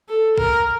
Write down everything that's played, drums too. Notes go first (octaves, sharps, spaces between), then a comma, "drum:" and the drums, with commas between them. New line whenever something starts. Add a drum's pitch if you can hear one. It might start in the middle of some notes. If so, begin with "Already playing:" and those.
A4
A#4, drum: kick